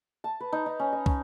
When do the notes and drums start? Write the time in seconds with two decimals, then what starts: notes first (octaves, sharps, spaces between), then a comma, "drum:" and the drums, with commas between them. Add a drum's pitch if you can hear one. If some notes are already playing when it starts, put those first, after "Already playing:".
0.24 A5
0.40 B4
0.52 D#4
0.66 D#4
0.79 C#4
0.92 D#5
1.06 C#4, drum: kick